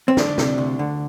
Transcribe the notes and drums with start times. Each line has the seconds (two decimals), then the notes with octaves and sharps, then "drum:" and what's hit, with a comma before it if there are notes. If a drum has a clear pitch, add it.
0.08 C4
0.17 D2 D4, drum: snare
0.38 C3, drum: snare
0.58 D2
0.79 D3